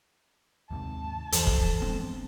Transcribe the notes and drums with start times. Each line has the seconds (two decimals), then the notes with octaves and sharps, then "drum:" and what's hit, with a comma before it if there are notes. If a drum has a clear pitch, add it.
0.71 D#2 G#2 C3 A5
1.32 E2 E3 F3 A4 C5, drum: hi-hat
1.47 drum: kick
1.82 G#3 B3 C4 D4